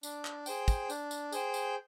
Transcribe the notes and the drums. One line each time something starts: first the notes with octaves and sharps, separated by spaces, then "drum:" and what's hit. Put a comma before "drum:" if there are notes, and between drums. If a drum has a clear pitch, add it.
D4, drum: tambourine
drum: clap
G#4 C5 G5, drum: tambourine
drum: kick, tambourine
D4, drum: tambourine
drum: tambourine
G#4 C5 G5, drum: tambourine
drum: tambourine